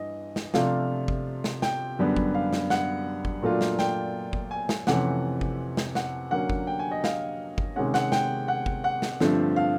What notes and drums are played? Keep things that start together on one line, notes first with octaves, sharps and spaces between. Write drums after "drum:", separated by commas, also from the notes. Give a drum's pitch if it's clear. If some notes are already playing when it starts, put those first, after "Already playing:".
Already playing: G2 E3 D#5
drum: snare
C3 F3 A3 D4 F4 F5, drum: snare
drum: kick G1
drum: snare
G5, drum: snare
F#2 D3 G3 B3
drum: kick G1
F5
drum: snare
F#5, drum: snare
drum: kick G1
A#2 F#3 A3 D4 F4
drum: snare
G5, drum: snare
drum: kick G1
G#5
drum: snare
F2 C3 E3 A3 C#4 F#5, drum: snare
drum: kick G1
drum: snare
F#5, drum: snare
D3 F#3 A#3 C#4 F#5
drum: kick G1
G5
G#5
D#5
F5, drum: snare
drum: kick G1
C3 D#3 G#3 C#4 F#5
F#5, drum: snare
G5, drum: snare
F#5
drum: kick G1
F#5
drum: snare
G2 D3 F3 A3 C4, drum: snare
F5